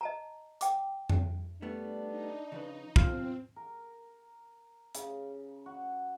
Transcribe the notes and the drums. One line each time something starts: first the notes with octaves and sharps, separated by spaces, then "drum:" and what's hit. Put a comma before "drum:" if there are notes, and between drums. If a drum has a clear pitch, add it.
D#5 A5 A#5
G5 D6, drum: hi-hat
drum: tom F2
G3 A3 B3 D4
D#4
C#3 F3 B4
B2 C4 F4, drum: kick
A#4
C#3, drum: hi-hat
F#4